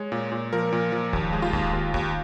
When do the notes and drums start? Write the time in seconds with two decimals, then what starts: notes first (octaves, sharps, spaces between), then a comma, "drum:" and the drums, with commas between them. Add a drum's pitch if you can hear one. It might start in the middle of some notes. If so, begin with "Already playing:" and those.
Already playing: G#3 C#5
0.12 A#2
0.32 A#2
0.53 F3 A#4
0.73 A#2
0.92 F3
1.13 D#2, drum: kick D1
1.33 G#3
1.42 F4
1.53 D#2, drum: kick D1
1.73 D#2
1.94 D#2, drum: kick D1